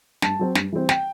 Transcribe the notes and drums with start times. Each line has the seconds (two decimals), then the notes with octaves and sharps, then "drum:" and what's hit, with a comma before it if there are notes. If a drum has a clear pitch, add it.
0.22 G2 A5, drum: snare
0.39 F#3 C4
0.55 G2, drum: snare
0.72 E3 G3 C4
0.89 G5, drum: snare